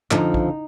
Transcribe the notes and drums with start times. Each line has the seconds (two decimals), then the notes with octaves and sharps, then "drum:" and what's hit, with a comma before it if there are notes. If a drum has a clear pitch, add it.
0.11 F2 D3 F3 D#4, drum: clap
0.34 drum: kick